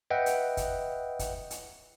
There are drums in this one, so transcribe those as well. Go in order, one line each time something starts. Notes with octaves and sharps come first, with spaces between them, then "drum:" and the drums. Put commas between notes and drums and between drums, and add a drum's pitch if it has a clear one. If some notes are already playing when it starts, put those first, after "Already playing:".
B4 D#5 E5 F#5 G5
drum: hi-hat
drum: kick, hi-hat
drum: kick, hi-hat
drum: hi-hat